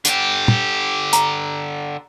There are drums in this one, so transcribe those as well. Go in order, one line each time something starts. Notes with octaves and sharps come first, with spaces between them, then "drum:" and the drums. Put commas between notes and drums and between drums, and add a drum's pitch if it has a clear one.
D3 G4, drum: hi-hat
drum: tom
A#5, drum: hi-hat